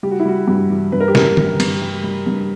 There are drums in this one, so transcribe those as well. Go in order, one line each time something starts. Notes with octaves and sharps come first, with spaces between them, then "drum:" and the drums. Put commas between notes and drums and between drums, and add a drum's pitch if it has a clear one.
G3 G4
F#4
E4
G3 F#4
G2 G4
E3
G2 B4
A#4
G4
E3 A#4, drum: snare
G2, drum: tom
G2, drum: cymbal
G3
G3
G2